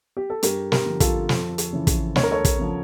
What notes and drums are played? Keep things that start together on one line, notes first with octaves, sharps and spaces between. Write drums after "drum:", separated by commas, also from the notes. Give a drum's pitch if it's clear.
G4
A4
G2 G4 A#4, drum: hi-hat
G4 A#4, drum: snare
D3 F3
F4 A4, drum: kick, hi-hat
F2, drum: snare
drum: hi-hat
C#3 E3
drum: kick, hi-hat
D2 C#5, drum: snare
A#4
A4 C#5
drum: kick, hi-hat
C#3 F3